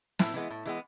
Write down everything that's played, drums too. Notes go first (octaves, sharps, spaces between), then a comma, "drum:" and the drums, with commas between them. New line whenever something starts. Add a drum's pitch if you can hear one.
A2 E4, drum: snare
E3 G#3 B3
A2
E3 G#3 B3